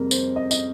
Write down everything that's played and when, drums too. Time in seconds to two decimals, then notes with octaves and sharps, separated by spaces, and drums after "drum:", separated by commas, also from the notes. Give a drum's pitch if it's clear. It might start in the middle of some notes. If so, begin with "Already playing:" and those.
Already playing: F2 C3 G3 A#3 G#4 A#4
0.11 C5, drum: tambourine
0.36 D#5
0.51 D#5, drum: tambourine